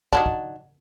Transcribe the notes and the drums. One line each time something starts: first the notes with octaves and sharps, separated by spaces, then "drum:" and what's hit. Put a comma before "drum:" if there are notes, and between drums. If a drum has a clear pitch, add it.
D#3 F#3 D4, drum: kick
drum: kick